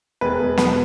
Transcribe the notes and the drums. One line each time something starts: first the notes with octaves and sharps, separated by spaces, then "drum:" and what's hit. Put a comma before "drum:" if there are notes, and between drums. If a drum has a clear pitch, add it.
E1 B4
E1
B2 B4, drum: snare